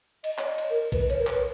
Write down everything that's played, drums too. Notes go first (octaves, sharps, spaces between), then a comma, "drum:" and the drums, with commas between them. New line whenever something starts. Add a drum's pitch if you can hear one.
D#5, drum: cymbal
C#5, drum: clap
D#5
drum: cymbal
A#4
B4, drum: kick B1, cymbal
C#5, drum: cymbal
A#4
B4, drum: clap